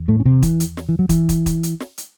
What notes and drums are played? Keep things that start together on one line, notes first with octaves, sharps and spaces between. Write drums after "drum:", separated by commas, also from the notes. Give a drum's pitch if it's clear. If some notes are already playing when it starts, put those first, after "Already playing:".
Already playing: E2
A2 A3
C#4
C3 C4
E3, drum: kick, hi-hat
drum: hi-hat
drum: snare
E3
F#3
E3, drum: kick, hi-hat
drum: kick, hi-hat
drum: kick, hi-hat
drum: hi-hat
drum: snare
drum: hi-hat